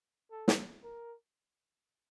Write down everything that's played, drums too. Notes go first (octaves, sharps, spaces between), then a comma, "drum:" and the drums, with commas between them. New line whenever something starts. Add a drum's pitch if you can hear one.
A4
drum: snare
A#4